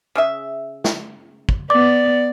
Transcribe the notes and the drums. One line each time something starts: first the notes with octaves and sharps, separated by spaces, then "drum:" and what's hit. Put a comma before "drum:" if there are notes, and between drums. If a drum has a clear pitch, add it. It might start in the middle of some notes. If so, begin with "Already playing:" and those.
C#3 G#4 E5
drum: snare
drum: kick
B3 D5 D6